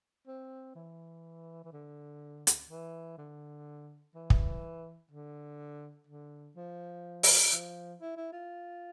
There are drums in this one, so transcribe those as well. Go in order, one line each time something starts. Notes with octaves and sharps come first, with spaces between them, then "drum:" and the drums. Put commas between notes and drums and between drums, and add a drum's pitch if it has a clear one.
C4
E3
E3
D3
drum: hi-hat
E3
D3
E3
drum: kick
D3
D3
F3
drum: open hi-hat
F3
E4
E4
F4